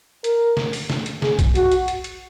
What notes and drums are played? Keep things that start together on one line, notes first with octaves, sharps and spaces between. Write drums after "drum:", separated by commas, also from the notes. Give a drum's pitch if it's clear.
A#4, drum: hi-hat
drum: snare
drum: open hi-hat
drum: snare
drum: hi-hat
G#4, drum: snare
drum: kick A#1, hi-hat
F#4, drum: hi-hat
drum: hi-hat
drum: hi-hat
drum: hi-hat